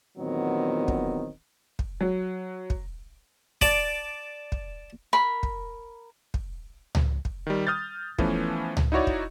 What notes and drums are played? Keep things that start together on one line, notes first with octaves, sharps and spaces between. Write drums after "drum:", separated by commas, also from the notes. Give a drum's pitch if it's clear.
E2 A#2 D#3 F#3 B3 C4
drum: kick
drum: kick
F#3
drum: kick
D5 A5 D6, drum: kick
drum: kick
A#4 B5
drum: kick
drum: kick
drum: tom C#2
drum: kick
D#3 G3
D#6 F6 G6 A6
E3 F3 A3 B3 C#4, drum: kick
drum: tom C#2
D#4 E4 F#4 C#5 D5
drum: kick